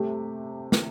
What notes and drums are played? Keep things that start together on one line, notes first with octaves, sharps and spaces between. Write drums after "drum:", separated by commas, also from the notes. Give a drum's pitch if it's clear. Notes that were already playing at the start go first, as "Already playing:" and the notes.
Already playing: C3 A3 G4
drum: snare